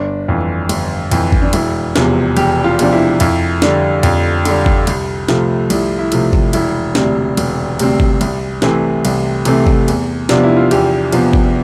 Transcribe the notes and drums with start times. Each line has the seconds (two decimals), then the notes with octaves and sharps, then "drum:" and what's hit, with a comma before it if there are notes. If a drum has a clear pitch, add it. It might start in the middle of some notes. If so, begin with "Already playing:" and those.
Already playing: G1 D4
0.28 F2 E3
0.69 G1, drum: cymbal
1.11 F2 E3, drum: cymbal
1.32 drum: kick G1
1.42 D4
1.53 E1 E4, drum: cymbal
1.96 E2 C3 F3, drum: snare
2.37 E1 G4, drum: cymbal
2.64 F4
2.79 E2 C3 F3 D4, drum: cymbal
2.93 E4
3.20 F2 E4, drum: cymbal
3.62 D3 G3, drum: snare
4.03 F2, drum: cymbal
4.45 D3 G3, drum: cymbal
4.66 drum: kick G1
4.87 C2, drum: cymbal
5.29 C3 F3 A3, drum: snare
5.70 C2 E4, drum: cymbal
5.99 E4
6.12 C3 F3 A3, drum: cymbal
6.33 drum: kick G1
6.53 E1 E4, drum: cymbal
6.95 D2 C3 G3 C4, drum: snare
7.37 E1, drum: cymbal
7.79 D2 C3 G3 C4, drum: cymbal
8.00 drum: kick G1
8.21 C2, drum: cymbal
8.62 C3 E3 A3 C4, drum: snare
9.05 C2, drum: cymbal
9.45 C3 E3 A3 C4, drum: cymbal
9.67 drum: kick G1
9.88 E2, drum: cymbal
10.29 C3 F3 B3 D4, drum: snare
10.44 E4
10.57 F4
10.71 E2 G4, drum: cymbal
11.12 C3 F3 B3, drum: cymbal
11.33 drum: kick G1